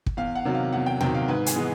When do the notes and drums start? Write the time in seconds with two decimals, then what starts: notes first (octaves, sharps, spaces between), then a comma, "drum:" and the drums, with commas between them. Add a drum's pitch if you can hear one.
0.06 drum: kick
0.17 E2 F5
0.35 F#5
0.45 C3 D#3 F#3
0.55 F5
0.73 E2 F#5
0.86 G5
1.01 C3 D#3 F#3 G5, drum: tom
1.14 F5
1.28 G#2 B4
1.46 G#4, drum: hi-hat
1.56 E3 G#3 B3